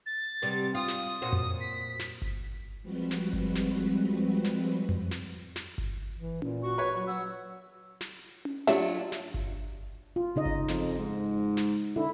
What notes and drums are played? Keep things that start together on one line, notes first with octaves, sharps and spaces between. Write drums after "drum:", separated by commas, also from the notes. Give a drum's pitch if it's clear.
A6
C3 G3 B3
F4 D#6
drum: snare
A#2 F#4 C5
drum: tom F2
B6
drum: snare
drum: kick G1
F3 G3 G#3 C4 F#4 B4
drum: snare
drum: kick G1
drum: snare
drum: snare
drum: tom F2
drum: snare
drum: snare
drum: kick G1
E3
A#2, drum: tom C#4
F#4 C#6
B4 C#5
F#3 F#4
F#5 E6
drum: snare
drum: tom C#4
F#3 D4 F4 G4 E5, drum: snare
drum: snare
drum: kick G1
F4
C#3 D#4 D#5
drum: kick G1
F2, drum: snare
G#2
drum: snare
D3 E4